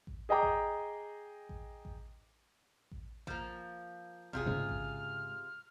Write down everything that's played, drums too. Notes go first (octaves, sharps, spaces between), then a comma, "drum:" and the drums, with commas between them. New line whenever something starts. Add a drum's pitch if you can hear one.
drum: kick A1
G#4 D#5 G5 A#5 D6
drum: kick A1
drum: kick A1
drum: kick A1
drum: kick A1
F3 A#3, drum: kick A1
C3 F4 G#4 F6, drum: kick A1
G#2 C#3 G#3
drum: kick A1